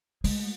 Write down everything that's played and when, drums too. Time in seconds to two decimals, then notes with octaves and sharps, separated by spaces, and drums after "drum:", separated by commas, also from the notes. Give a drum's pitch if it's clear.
0.24 G#3, drum: open hi-hat